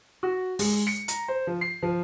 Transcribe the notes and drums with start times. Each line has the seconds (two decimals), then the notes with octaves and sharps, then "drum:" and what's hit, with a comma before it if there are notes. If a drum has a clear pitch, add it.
0.23 F#4
0.59 G#3, drum: open hi-hat
0.87 C#7
1.08 A#5, drum: hi-hat
1.28 C5
1.47 F3
1.61 C7
1.83 F3